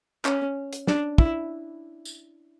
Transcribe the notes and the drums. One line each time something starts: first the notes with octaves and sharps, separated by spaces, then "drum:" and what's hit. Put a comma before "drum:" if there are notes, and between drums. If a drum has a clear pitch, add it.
C#4, drum: clap
drum: hi-hat
D4, drum: snare
E4, drum: kick
drum: tambourine